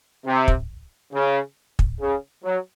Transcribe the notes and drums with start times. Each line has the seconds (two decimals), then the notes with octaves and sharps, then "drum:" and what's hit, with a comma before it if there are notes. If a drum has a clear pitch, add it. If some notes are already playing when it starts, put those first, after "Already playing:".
0.26 C3
0.48 drum: kick
1.13 C#3
1.79 drum: kick
2.01 C#3
2.44 F#3